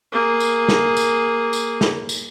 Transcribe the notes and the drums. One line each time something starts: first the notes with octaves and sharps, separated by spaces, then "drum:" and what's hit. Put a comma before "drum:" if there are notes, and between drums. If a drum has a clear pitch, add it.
A#3 G#4
drum: tambourine
drum: snare
drum: tambourine
drum: tambourine
drum: snare
drum: tambourine